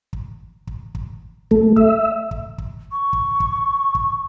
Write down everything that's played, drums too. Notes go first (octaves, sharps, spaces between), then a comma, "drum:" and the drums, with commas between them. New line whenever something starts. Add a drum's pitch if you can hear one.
drum: kick
drum: kick
drum: kick
A3, drum: kick
E5, drum: kick
drum: kick
drum: kick
C#6
drum: kick
drum: kick
drum: kick